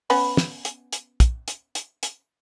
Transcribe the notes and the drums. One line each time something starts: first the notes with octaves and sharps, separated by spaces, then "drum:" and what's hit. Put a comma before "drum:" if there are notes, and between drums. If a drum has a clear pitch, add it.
B3 C#4 B4, drum: open hi-hat
drum: snare
drum: hi-hat
drum: hi-hat
drum: kick, hi-hat
drum: hi-hat
drum: hi-hat
drum: hi-hat